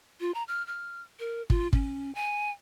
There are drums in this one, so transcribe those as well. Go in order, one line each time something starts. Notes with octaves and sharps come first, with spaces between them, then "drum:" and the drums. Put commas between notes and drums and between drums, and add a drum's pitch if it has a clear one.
F4
A#5
F6
F6
A#4
F4, drum: kick
C#4, drum: kick
G#5